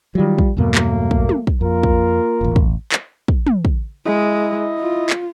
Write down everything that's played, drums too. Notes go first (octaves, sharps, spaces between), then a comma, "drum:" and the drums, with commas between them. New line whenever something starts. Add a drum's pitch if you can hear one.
D#3 F#3 G3 F4
drum: kick
E2 G2 B2 F#3 A3 A#3
drum: clap
drum: kick
drum: tom
drum: kick
F2 A#3 F4 A#4
drum: kick
E1 A1
drum: kick
drum: clap
drum: kick
drum: tom
drum: kick
G#3 E4 D#5
F4
drum: clap